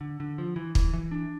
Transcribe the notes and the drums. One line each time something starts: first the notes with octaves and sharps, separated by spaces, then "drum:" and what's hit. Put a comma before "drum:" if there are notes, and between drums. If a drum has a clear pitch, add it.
D3
D3
F3
E3
E3, drum: kick
E3
D4